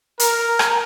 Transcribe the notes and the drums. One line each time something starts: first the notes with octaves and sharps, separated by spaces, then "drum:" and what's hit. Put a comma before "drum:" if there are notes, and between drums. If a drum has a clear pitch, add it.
A#4, drum: hi-hat
drum: rim click